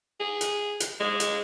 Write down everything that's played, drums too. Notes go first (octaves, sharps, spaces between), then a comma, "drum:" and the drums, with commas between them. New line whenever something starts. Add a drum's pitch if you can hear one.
G#4
drum: hi-hat
drum: hi-hat
G#3
drum: hi-hat